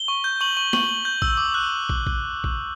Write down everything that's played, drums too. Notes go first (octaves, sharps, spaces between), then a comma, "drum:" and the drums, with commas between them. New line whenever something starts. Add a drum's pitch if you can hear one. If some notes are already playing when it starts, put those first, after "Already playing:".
Already playing: G7
C#6
G6
C#6 F#7
C#6
C#6 F#7, drum: snare A#3
C#6
G6
E6, drum: kick
D6
F#6
drum: kick
drum: kick
drum: kick